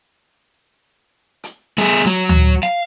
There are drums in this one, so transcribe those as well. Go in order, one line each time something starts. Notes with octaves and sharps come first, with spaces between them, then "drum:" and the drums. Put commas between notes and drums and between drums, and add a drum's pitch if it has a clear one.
drum: hi-hat
A3 G#4
F#3
drum: tom D2
F5